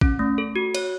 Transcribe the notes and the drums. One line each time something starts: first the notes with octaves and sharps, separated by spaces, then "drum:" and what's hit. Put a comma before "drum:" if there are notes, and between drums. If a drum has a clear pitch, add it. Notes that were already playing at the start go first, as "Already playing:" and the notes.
C#4, drum: kick A1
A3
A4
F#4
C#5, drum: cymbal